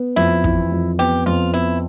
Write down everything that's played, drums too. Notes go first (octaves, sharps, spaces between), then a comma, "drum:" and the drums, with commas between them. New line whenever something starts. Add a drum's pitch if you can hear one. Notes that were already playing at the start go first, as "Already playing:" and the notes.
Already playing: B3
F2 E4
E3, drum: kick
F2
B3 G4
F2 F4
B3 E4